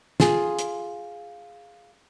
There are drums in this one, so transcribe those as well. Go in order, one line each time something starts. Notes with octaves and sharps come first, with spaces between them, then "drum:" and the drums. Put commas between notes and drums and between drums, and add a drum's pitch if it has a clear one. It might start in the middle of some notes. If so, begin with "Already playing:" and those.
F4 G#4, drum: snare
drum: hi-hat